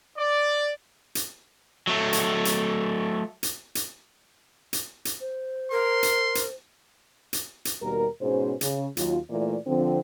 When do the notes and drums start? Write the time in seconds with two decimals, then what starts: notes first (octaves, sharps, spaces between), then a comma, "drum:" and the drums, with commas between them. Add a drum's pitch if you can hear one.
0.17 D5
1.15 drum: hi-hat
1.87 F#3 A3
2.13 drum: hi-hat
2.45 drum: hi-hat
3.43 drum: hi-hat
3.75 drum: hi-hat
4.73 drum: hi-hat
5.05 drum: hi-hat
5.21 C5
5.72 A#4 C6
6.03 drum: hi-hat
6.35 drum: hi-hat
7.33 drum: hi-hat
7.65 drum: hi-hat
7.81 D#2 B2 G3 A#4
8.21 G#2 B2 C#4 G#4 C5
8.61 C#3, drum: hi-hat
8.97 D#2 F#3 F4, drum: hi-hat
9.30 A#2 E3 A3 D5
9.67 D3 F3 C4